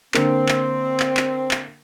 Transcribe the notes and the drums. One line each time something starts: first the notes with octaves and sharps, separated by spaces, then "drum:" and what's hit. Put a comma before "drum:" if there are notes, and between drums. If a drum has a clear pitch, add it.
D3 A#3 C4, drum: clap
drum: clap
drum: clap
drum: clap
drum: clap